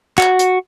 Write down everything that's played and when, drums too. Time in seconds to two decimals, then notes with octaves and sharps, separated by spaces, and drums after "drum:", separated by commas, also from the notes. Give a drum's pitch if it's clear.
0.18 F#4, drum: clap
0.39 drum: hi-hat